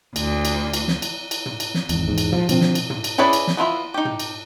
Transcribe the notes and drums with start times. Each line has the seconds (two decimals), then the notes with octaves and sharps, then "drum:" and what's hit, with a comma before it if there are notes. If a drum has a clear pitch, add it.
0.16 D2, drum: cymbal
0.45 drum: cymbal
0.74 drum: cymbal
0.88 drum: snare
1.02 drum: cymbal
1.31 drum: cymbal
1.46 drum: tom
1.60 drum: cymbal
1.74 drum: snare
1.89 G#1 E2, drum: cymbal
2.08 E2 G#2
2.18 drum: cymbal
2.32 F3, drum: tom
2.49 B2 D3 F3 C4, drum: cymbal
2.61 drum: snare
2.75 drum: cymbal
2.90 drum: tom
3.04 drum: cymbal
3.18 C#4 E4 G#4 B4 D5
3.33 drum: cymbal
3.47 drum: snare
3.57 B3 E4 F4 E5
3.94 D#4 G4
4.05 drum: tom
4.20 drum: cymbal